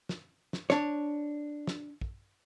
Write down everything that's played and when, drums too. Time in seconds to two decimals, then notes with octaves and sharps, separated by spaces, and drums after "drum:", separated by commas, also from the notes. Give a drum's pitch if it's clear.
0.09 drum: snare
0.53 drum: snare
0.70 D4 C#5, drum: snare
1.67 drum: snare
2.01 drum: kick